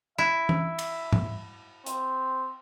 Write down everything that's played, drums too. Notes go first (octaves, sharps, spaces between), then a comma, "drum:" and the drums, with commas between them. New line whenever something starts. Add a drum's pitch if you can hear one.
E4 E5
drum: tom E3
drum: cymbal
drum: tom G#2
C4, drum: hi-hat